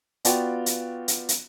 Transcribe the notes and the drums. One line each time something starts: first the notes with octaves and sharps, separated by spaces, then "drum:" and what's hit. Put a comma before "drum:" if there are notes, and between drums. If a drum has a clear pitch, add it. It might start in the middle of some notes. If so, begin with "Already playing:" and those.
B3 F4 F#4 D5 F5 G5, drum: hi-hat
drum: hi-hat
drum: hi-hat
drum: hi-hat